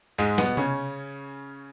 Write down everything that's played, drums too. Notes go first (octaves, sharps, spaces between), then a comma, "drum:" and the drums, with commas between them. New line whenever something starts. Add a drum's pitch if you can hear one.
G#2 G#3
B2 B3, drum: snare
C#3 C#4, drum: tom C3